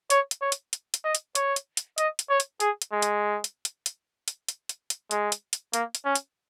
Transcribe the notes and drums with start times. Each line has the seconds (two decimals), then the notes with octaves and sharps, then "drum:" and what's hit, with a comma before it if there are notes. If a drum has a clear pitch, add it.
0.10 C#5, drum: hi-hat
0.31 drum: hi-hat
0.41 C#5
0.52 drum: hi-hat
0.73 drum: hi-hat
0.94 drum: hi-hat
1.04 D#5
1.15 drum: hi-hat
1.35 C#5, drum: hi-hat
1.56 drum: hi-hat
1.77 drum: hi-hat
1.98 D#5, drum: hi-hat
2.19 drum: hi-hat
2.29 C#5
2.40 drum: hi-hat
2.60 G#4, drum: hi-hat
2.82 drum: hi-hat
2.92 G#3
3.02 drum: hi-hat
3.44 drum: hi-hat
3.65 drum: hi-hat
3.86 drum: hi-hat
4.28 drum: hi-hat
4.49 drum: hi-hat
4.69 drum: hi-hat
4.90 drum: hi-hat
5.11 G#3, drum: hi-hat
5.32 drum: hi-hat
5.53 drum: hi-hat
5.73 A#3, drum: hi-hat
5.95 drum: hi-hat
6.05 C#4
6.15 drum: hi-hat